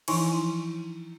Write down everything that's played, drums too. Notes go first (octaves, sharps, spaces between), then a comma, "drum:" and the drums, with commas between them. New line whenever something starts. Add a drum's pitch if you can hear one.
E3 F3 D#4 E4 G#5 C#6, drum: cymbal